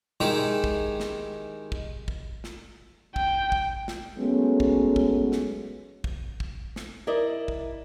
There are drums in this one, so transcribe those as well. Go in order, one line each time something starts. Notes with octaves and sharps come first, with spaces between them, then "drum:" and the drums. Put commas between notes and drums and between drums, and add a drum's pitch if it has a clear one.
D#3 G#3 D#4 E4 G4
drum: kick
drum: snare
drum: kick
drum: kick
drum: snare
G5, drum: kick
drum: kick
drum: snare
F#3 G#3 A3 B3 C#4
drum: kick
drum: kick
drum: snare
drum: kick
drum: kick
drum: snare
E4 A#4 D5 D#5
drum: kick